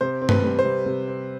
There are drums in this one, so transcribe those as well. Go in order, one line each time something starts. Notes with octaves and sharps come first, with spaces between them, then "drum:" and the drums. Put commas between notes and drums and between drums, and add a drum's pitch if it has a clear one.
C3 C5
C4
B4, drum: tom
G3
C5
C3
C3
C4